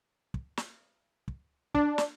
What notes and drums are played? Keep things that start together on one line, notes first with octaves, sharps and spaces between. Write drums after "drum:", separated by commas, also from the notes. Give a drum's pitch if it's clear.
drum: kick
drum: snare
drum: kick
D4, drum: kick
drum: snare